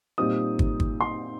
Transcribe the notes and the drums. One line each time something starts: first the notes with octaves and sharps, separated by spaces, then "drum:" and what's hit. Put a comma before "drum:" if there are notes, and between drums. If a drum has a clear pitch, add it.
A#2 G3 C4 D#4 D#6
drum: kick
drum: kick
C6